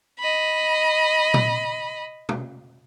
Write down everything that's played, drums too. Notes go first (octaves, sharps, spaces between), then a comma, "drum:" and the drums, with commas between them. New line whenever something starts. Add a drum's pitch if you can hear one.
D#5 B5
drum: tom A#2
drum: tom